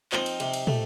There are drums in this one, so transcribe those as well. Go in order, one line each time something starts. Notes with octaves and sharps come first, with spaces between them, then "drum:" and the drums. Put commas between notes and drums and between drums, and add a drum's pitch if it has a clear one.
F3 C4 D#4, drum: clap
drum: cymbal
C3, drum: cymbal
drum: cymbal
A3, drum: tom